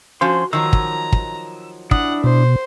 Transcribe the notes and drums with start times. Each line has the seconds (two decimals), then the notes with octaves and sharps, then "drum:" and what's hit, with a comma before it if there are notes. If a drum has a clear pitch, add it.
0.21 F3 C#4 F#4 C5 C6
0.53 D#3 F3 F#3 A#5 E6
0.73 drum: kick
1.13 drum: kick
1.91 D4 E4 F#5 D#6, drum: kick
2.24 B2 C5